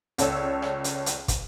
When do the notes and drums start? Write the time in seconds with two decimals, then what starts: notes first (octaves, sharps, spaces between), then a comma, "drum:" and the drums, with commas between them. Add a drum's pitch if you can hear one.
0.18 C#2 A4 C#5 D5 E6, drum: hi-hat
0.62 drum: rim click
0.84 drum: hi-hat
1.06 drum: hi-hat
1.28 drum: kick, hi-hat